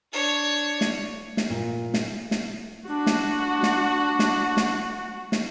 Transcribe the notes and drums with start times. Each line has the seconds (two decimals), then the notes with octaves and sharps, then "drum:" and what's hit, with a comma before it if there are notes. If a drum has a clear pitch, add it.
0.12 D4 C#5
0.81 drum: snare
1.37 drum: snare
1.50 A#2
1.94 drum: snare
2.31 drum: snare
2.88 D4 F#4
3.06 drum: snare
3.63 drum: snare
4.19 drum: snare
4.57 drum: snare
5.32 drum: snare